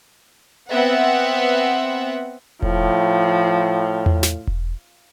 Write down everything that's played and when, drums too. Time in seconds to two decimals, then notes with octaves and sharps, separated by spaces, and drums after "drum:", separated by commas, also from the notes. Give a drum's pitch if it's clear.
0.71 B3 C4 E5 F#5
2.63 A2 F3, drum: kick E1
4.06 drum: tom E2
4.23 drum: snare
4.48 drum: kick E1